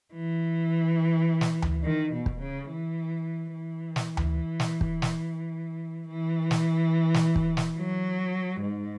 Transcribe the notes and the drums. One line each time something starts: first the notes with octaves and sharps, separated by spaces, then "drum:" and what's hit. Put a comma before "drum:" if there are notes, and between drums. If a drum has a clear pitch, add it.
E3
drum: snare
drum: tom D2
D#3
B2
drum: kick
C#3
E3
E3
drum: snare
drum: tom D2
drum: snare
drum: kick
drum: snare
E3
drum: snare
drum: snare
drum: kick
drum: snare
F#3
G#2